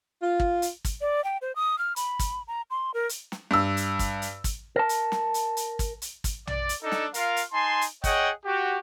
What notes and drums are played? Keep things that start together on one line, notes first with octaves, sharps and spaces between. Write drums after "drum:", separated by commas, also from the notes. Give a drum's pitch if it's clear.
F4
drum: kick
drum: hi-hat
drum: kick, hi-hat
D5
G5
C5
D#6
F6
B5, drum: hi-hat
drum: kick, hi-hat
A#5
C6
A#4
drum: hi-hat
drum: snare
G2 E6
drum: hi-hat
drum: kick, hi-hat
drum: hi-hat
drum: kick, hi-hat
A#4 A5
drum: hi-hat
drum: snare
drum: hi-hat
drum: hi-hat
drum: kick, hi-hat
drum: hi-hat
drum: kick, hi-hat
D5, drum: tom A#1
drum: hi-hat
D4 D#4 A4
drum: snare
F4 A#4 F5, drum: hi-hat
drum: hi-hat
D#4 G#5 A5 C6
drum: hi-hat
G#4 C#5 D#5 F#5 G5, drum: kick, hi-hat
F#4 G4